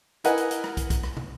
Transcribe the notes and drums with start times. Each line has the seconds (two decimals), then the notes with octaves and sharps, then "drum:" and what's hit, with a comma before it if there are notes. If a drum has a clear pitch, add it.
0.24 E4 A#4 B4 D#5 F#5 G#5, drum: hi-hat
0.37 drum: hi-hat
0.51 drum: hi-hat
0.64 drum: rim click
0.77 drum: kick, hi-hat
0.90 drum: kick, hi-hat
1.03 drum: rim click
1.17 drum: tom